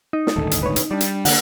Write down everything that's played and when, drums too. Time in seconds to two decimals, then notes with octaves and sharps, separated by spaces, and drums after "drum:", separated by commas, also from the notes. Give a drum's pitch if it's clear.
0.13 D#4
0.27 drum: snare
0.36 D#1 G#1 D2 A4
0.51 drum: hi-hat
0.63 B4 C#5
0.76 drum: hi-hat
0.91 G3 D4 D5
1.01 drum: hi-hat
1.25 D3 E3 A#3 F#5, drum: open hi-hat